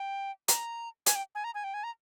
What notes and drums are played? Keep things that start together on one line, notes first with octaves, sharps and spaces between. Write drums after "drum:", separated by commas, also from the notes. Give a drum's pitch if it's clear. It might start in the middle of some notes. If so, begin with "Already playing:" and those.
Already playing: G5
A#5, drum: hi-hat
G#5, drum: hi-hat
G5
G#5
A#5
G#5
G5
G#5
A#5